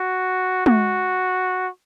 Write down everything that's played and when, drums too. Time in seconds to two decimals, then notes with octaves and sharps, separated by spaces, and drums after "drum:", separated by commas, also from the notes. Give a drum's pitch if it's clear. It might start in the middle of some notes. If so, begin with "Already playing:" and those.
Already playing: F#4
0.66 F#4, drum: tom G#3